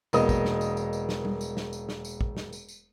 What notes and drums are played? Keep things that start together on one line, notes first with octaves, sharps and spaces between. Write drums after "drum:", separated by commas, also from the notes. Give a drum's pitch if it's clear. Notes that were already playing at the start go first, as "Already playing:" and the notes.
E1 A#3 B3 D#5 D#6, drum: tambourine
drum: kick, tambourine
drum: snare
drum: tambourine
drum: tambourine
drum: tambourine
drum: snare
drum: tom G3
drum: tambourine
drum: snare
drum: tambourine
drum: snare
drum: tambourine
drum: kick
drum: snare
drum: tambourine
drum: tambourine